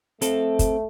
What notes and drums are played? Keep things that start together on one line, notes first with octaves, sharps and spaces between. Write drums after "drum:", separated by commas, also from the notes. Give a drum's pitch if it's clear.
A3 C4 A4, drum: hi-hat
drum: kick, hi-hat